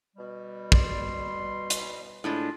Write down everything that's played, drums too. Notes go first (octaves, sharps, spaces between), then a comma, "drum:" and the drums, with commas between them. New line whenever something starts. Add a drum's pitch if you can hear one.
B2 G3
D5 C6, drum: kick
drum: hi-hat
A2 G#3 D4 F4